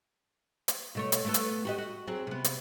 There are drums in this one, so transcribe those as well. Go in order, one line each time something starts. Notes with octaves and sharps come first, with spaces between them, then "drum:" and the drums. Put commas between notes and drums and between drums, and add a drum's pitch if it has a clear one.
drum: hi-hat
B2 A3 C#5
drum: hi-hat
A3 B3 A4
drum: hi-hat
F#4 G4 D#5
F#4
F#3 C4 G#4
C3 B3
drum: hi-hat